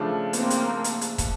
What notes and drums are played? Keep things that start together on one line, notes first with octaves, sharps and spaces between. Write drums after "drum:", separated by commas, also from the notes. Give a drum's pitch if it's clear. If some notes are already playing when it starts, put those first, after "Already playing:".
Already playing: C#3 F3 A3 D4
A#3 C4, drum: hi-hat
drum: hi-hat
drum: hi-hat
drum: hi-hat
drum: kick, hi-hat